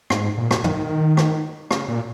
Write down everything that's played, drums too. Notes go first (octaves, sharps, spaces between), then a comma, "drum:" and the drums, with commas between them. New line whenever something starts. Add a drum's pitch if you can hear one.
G#2, drum: rim click
A#2
drum: rim click
D#3, drum: tom
drum: rim click
C#3, drum: rim click
A#2